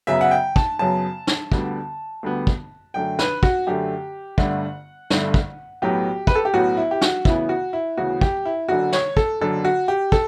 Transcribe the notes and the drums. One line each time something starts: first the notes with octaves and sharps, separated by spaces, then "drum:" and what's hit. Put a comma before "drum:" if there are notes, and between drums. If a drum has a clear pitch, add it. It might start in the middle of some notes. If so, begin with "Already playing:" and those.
F#2 C#3 F#3 B3 E5
F#5
G5
A5, drum: kick
F#2 C#3 F#3 B3 A5
drum: snare
D2 D3 G3 B3, drum: kick
D2 D3 G3 B3
drum: kick
F#2 D3 A3 G5
B4, drum: snare
F#4, drum: kick
F#2 D3 A3 G4
G1 G2 D3 A3 F#5, drum: kick
G1 G2 D3 A3, drum: snare
drum: kick
B1 A2 F#3 B3 G4
B4, drum: kick
A4
G4
B1 A2 F#3 B3 F#4
E4
G4
F#4, drum: snare
D2 C#3 E3 B3 E4, drum: kick
F#4
E4
D2 C#3 E3 B3 F#4
G4, drum: kick
E4
F#1 F#2 D3 F#4
C#5, drum: snare
A4, drum: kick
F#1 F#2 D3 A4
F#4
G4
A4, drum: kick